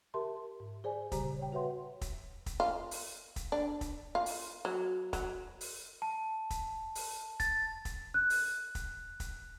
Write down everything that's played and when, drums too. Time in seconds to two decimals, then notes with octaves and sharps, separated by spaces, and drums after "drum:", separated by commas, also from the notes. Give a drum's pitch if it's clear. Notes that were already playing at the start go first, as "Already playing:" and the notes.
0.14 G4 A#4 E5 A5 C6
0.60 G#2
0.84 G#4 C5 D5 G#5
1.12 A#2 C#3 G3 G4 C5 A#5, drum: kick, hi-hat
1.39 C#5 G5
1.52 F#4 B4 C#5 E5 F#5 C6
2.01 drum: kick, hi-hat
2.46 drum: kick, hi-hat
2.60 F4
2.91 drum: open hi-hat
3.36 drum: kick, hi-hat
3.52 D4
3.81 drum: kick, hi-hat
4.15 F4
4.26 drum: open hi-hat
4.65 F#3
5.13 F#3, drum: kick, hi-hat
5.61 drum: open hi-hat
6.02 A5
6.50 drum: kick, hi-hat
6.95 drum: open hi-hat
7.40 A6, drum: kick, hi-hat
7.85 drum: kick, hi-hat
8.14 F#6
8.30 drum: open hi-hat
8.75 drum: kick, hi-hat
9.20 drum: kick, hi-hat